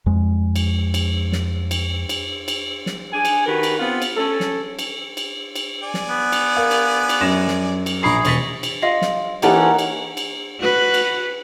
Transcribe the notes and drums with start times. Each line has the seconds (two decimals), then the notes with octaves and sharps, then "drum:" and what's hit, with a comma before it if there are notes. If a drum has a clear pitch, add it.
0.06 F2 G#3
0.56 drum: cymbal
0.94 drum: cymbal
1.32 drum: snare
1.71 drum: cymbal
2.09 drum: cymbal
2.48 drum: cymbal
2.86 drum: snare
3.13 D4 G#4 G#5
3.25 drum: cymbal
3.46 D#3 F#4 G4 A#4 B4
3.63 drum: cymbal
3.78 B3 C4 F4
4.02 drum: cymbal
4.16 C#4 A4
4.40 drum: snare
4.79 drum: cymbal
5.17 drum: cymbal
5.56 drum: cymbal
5.82 D5 G#5
5.94 drum: snare
6.09 B3
6.32 drum: cymbal
6.57 A#4 F5
6.71 drum: cymbal
7.09 drum: cymbal
7.21 F#2 A#6 E7
7.48 drum: snare
7.86 drum: cymbal
8.03 A#1 G#4 D5 A#5 B5 C#6 C7
8.25 E1 D#5 C#6 A6 B6, drum: cymbal
8.63 drum: cymbal
8.82 F4 D#5 F5
9.02 drum: snare
9.42 E3 A#3 C#4 D#4 G4 A4 F#5, drum: cymbal
9.79 drum: cymbal
10.17 drum: cymbal
10.60 F#4 B4
10.94 drum: cymbal